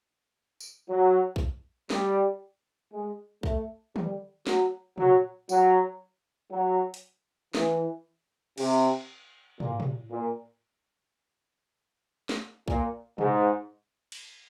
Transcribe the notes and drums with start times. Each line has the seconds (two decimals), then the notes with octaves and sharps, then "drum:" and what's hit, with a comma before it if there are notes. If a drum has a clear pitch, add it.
0.60 drum: tambourine
0.88 F#3
1.36 drum: kick B1
1.90 G3, drum: snare
2.93 G#3
3.43 A3, drum: kick B1
3.96 G3, drum: tom
4.47 F#3, drum: snare
4.98 F#3, drum: tom
5.49 F#3, drum: tambourine
6.51 F#3
6.94 drum: hi-hat
7.55 E3, drum: snare
8.58 C3, drum: cymbal
9.60 A#2, drum: tom
9.80 drum: tom
10.11 A#2
12.29 drum: snare
12.68 A#2, drum: kick B1
13.18 G#2, drum: tom
14.12 drum: cymbal